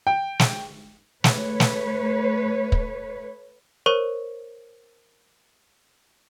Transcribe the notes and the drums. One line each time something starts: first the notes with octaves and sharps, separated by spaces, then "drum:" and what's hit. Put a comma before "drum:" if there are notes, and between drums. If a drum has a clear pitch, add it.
G5
drum: snare
A3 B4 C#5, drum: snare
drum: snare
drum: kick
A#4 C5 C#5 C#6 D#7